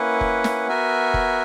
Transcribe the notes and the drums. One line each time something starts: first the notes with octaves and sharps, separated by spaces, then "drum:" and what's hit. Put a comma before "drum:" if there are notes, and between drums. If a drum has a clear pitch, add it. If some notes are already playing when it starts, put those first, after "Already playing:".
Already playing: A#3 C#4 E4 B4 F#5
drum: kick F1
drum: snare
B3 F#4 A#4 E5 G#5
drum: kick F1